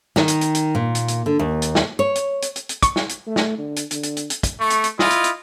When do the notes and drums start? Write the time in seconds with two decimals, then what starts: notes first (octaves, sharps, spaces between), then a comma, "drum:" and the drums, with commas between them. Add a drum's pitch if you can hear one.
0.16 D#3, drum: snare
0.28 drum: hi-hat
0.41 drum: hi-hat
0.55 drum: hi-hat
0.75 A#2
0.95 drum: hi-hat
1.08 drum: hi-hat
1.26 D3
1.39 D#2
1.62 drum: hi-hat
1.75 drum: snare
1.99 C#5
2.15 drum: hi-hat
2.42 drum: hi-hat
2.56 drum: hi-hat
2.69 drum: hi-hat
2.82 C#6, drum: kick, hi-hat
2.96 drum: snare
3.09 drum: hi-hat
3.26 A3
3.36 drum: snare
3.58 D3
3.76 drum: hi-hat
3.91 D3, drum: hi-hat
4.03 drum: hi-hat
4.17 drum: hi-hat
4.30 drum: hi-hat
4.43 drum: kick, hi-hat
4.61 A3 C#6
4.70 drum: hi-hat
4.84 drum: hi-hat
4.99 E4 F4 D#5, drum: snare
5.10 drum: hi-hat
5.24 drum: hi-hat